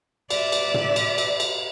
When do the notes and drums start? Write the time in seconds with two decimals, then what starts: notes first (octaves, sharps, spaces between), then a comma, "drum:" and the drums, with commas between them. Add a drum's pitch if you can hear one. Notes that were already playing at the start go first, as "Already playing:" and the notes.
0.30 D5 E5, drum: cymbal
0.52 drum: cymbal
0.74 drum: tom
0.96 drum: cymbal
1.18 drum: cymbal
1.40 drum: cymbal